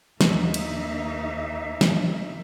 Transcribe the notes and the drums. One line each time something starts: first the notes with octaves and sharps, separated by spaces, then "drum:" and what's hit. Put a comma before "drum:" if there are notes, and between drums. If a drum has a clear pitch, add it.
D#2 A#3 D#4 E5, drum: snare
drum: cymbal
drum: snare